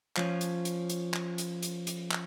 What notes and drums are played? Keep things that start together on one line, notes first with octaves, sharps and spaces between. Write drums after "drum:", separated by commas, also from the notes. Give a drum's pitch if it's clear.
F3 C#4, drum: clap
drum: hi-hat
drum: hi-hat
drum: hi-hat
drum: clap
drum: hi-hat
drum: hi-hat
drum: hi-hat
drum: clap